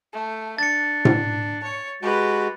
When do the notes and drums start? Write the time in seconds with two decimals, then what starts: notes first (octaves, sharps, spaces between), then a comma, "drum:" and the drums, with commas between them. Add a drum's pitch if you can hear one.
0.13 A3
0.58 D4 A6 C#7
1.05 drum: tom A2
1.63 C#5
2.03 G#3 F#4 G4 B4